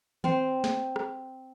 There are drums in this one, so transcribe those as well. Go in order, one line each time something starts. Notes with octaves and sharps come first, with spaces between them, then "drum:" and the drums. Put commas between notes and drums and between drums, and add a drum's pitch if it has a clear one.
C4 C5, drum: tom D#3
drum: snare
drum: rim click